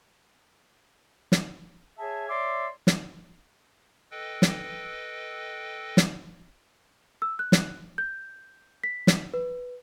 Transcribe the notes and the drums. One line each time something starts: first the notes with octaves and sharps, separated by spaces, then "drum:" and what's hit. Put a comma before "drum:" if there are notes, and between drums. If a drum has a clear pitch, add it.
drum: snare
G#4 C#5 E5 G#5 A5
C#5 D5 E5 C6 D6
drum: snare
A4 B4 D#5 G5
drum: snare
drum: snare
E6
F#6
drum: snare
G6
B6
drum: snare
B4